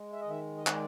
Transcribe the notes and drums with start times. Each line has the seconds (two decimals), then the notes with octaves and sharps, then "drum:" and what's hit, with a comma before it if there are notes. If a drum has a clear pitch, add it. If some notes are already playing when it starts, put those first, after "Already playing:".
Already playing: G#3
0.12 E5
0.21 D#5
0.26 D#3 E5
0.57 D#5
0.67 G#3 D5, drum: clap